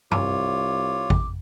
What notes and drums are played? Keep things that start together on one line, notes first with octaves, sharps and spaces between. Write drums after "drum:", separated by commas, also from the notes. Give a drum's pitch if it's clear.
C2 F4 C#5 D6, drum: tom G2
drum: kick